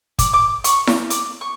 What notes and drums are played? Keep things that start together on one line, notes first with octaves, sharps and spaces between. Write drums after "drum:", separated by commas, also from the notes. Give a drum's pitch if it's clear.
D6, drum: kick, hi-hat
D6
C#6, drum: hi-hat
drum: snare E4
D6, drum: hi-hat
C#6